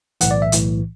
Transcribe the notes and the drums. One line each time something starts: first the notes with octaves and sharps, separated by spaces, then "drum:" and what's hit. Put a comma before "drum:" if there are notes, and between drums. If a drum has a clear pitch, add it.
B1 A2 E3 F#5, drum: hi-hat
D5
E5
B1 A2 E3, drum: hi-hat